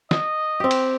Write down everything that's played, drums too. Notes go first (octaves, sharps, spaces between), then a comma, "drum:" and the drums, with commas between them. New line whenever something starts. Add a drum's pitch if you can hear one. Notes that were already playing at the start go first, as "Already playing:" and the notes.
D#5, drum: snare
C4 G4
drum: cymbal